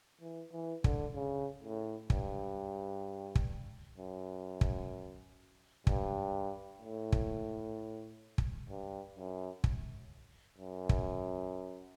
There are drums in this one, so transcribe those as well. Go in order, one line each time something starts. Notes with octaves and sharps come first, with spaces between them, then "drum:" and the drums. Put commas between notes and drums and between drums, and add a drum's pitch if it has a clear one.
E3
E3
D3, drum: kick
C#3
A2
G2, drum: kick
drum: kick
F#2
drum: kick
G2, drum: kick
A2
drum: kick
drum: kick
G2
F#2
drum: kick
F#2
drum: kick